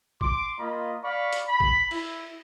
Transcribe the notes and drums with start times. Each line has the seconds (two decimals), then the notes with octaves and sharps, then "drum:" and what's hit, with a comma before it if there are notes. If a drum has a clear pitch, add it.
0.21 C6 D6, drum: kick
0.59 A#3 F4 D#5 B5
1.03 D5 F5 B5 C#6
1.33 drum: hi-hat
1.47 B5
1.60 drum: kick
1.91 E4, drum: cymbal